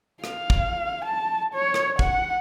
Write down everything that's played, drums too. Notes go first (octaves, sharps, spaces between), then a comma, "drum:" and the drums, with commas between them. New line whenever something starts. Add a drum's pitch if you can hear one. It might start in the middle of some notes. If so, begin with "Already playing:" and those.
F5, drum: rim click
drum: kick
A5
C#5
drum: rim click
F#5, drum: kick